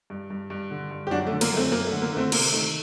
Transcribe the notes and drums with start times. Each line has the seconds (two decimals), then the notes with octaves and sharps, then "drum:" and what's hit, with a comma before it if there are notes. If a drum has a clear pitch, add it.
0.10 G2
0.30 G2
0.50 G2
0.71 D3
0.91 G2
1.07 G4
1.11 F#2 D4 F#4
1.27 A3
1.32 D3
1.41 A#3, drum: cymbal
1.52 F#2
1.57 A3 C4
1.72 F#2 A#3
1.87 A3
1.92 D3
2.02 A#3
2.13 D3 A3 C4
2.32 C3 A#3, drum: cymbal
2.52 D#3 A3